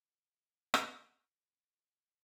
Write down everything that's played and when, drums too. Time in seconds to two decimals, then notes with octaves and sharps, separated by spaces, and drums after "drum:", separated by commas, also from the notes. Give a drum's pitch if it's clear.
0.21 G2 F3
0.74 drum: rim click